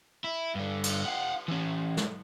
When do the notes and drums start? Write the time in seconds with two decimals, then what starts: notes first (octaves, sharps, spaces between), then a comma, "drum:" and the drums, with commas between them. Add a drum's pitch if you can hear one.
0.24 E4
0.55 G2 D3
0.84 drum: cymbal
1.06 F5 F#5
1.48 E3 C#4
1.97 drum: snare